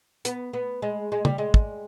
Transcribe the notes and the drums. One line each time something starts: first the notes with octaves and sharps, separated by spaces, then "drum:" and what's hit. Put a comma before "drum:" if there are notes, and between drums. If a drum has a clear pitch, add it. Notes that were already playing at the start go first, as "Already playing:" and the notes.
B3, drum: hi-hat
B3
G#3
G#3
G3, drum: tom C#3
G#3
drum: kick